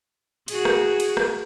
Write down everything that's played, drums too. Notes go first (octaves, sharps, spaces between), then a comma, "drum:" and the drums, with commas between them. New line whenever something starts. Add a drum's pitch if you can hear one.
F#4 G#4, drum: cymbal
drum: rim click
drum: cymbal
drum: rim click